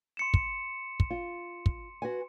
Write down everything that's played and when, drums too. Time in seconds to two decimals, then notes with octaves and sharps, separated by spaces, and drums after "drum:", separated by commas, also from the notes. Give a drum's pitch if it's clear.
0.17 C6 C#7 E7
0.34 drum: kick
1.00 drum: kick
1.10 F4
1.66 drum: kick
2.02 F#4 B4 G#5